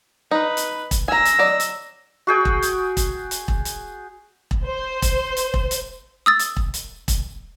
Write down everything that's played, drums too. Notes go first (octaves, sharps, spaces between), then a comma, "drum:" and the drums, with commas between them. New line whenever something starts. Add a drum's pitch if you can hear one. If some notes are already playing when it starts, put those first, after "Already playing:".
D#4 B4
drum: hi-hat
drum: kick E1, hi-hat
G#5 A#5 E6 A#6
drum: hi-hat
F#3 D5 D#5
drum: hi-hat
F#4 G#4 G5
drum: kick E1
drum: hi-hat
drum: kick E1, hi-hat
drum: hi-hat
drum: kick E1
drum: hi-hat
drum: kick E1
C5
drum: kick E1, hi-hat
drum: hi-hat
drum: kick E1
drum: hi-hat
D#6 E6 A6
drum: hi-hat
drum: kick E1
drum: hi-hat
drum: kick E1, hi-hat